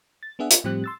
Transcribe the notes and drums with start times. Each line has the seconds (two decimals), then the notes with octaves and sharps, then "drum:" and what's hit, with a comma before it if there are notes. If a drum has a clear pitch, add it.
0.23 A6
0.39 B3 D4 G#4 E5 F#5
0.51 F4, drum: hi-hat
0.64 A2 F3 G3 C4 G4 F#6
0.84 C6 E6 A6